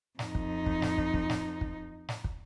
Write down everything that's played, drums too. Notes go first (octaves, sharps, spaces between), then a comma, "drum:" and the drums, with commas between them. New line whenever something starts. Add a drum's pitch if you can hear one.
F2 D#4, drum: snare
drum: kick
drum: kick
drum: snare
drum: kick
drum: kick
drum: snare
drum: kick
drum: snare
drum: kick